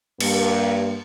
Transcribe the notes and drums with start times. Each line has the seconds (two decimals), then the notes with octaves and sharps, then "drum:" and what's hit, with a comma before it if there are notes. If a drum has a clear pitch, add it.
0.20 G2 A#3, drum: cymbal